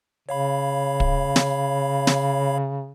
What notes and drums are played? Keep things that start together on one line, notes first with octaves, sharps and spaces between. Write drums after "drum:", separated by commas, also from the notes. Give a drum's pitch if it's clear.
C#3 C#5 F5 B5
drum: kick
drum: snare
drum: snare